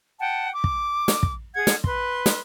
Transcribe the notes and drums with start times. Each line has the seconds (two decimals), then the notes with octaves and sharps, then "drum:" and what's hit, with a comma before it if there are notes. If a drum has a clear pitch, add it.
0.20 F#5 G5 A5
0.54 D6
0.64 drum: kick
1.08 drum: snare
1.23 drum: kick
1.55 G#4 F#5 G#6
1.67 drum: snare
1.84 B4 C6, drum: kick
2.26 drum: snare